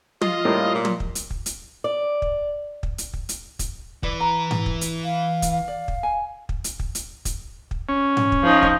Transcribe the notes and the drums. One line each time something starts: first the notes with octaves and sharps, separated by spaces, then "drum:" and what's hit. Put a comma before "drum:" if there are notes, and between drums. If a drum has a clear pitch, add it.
F4 D#5, drum: tom
A2 G3 A#3
A#2
drum: tom
drum: kick
drum: hi-hat
drum: kick
drum: hi-hat
D5
drum: kick
drum: kick
drum: hi-hat
drum: kick
drum: hi-hat
drum: kick, hi-hat
E3 B4 D5, drum: kick
A#5
drum: tom G#2
drum: kick
drum: hi-hat
F5
drum: kick, hi-hat
F5
D5
drum: kick
G#5
drum: kick
drum: hi-hat
drum: kick
drum: hi-hat
drum: kick, hi-hat
drum: kick
C#4
drum: tom G#2
drum: kick
F3 D#4
drum: kick